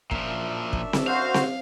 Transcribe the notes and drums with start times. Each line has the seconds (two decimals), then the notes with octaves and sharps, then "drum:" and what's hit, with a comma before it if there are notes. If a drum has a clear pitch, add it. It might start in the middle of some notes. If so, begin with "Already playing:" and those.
0.11 F#2 A#2 F3 D4 E5, drum: kick
0.73 drum: kick
0.93 drum: snare C4
1.07 F#4 C5 F5
1.34 drum: snare C4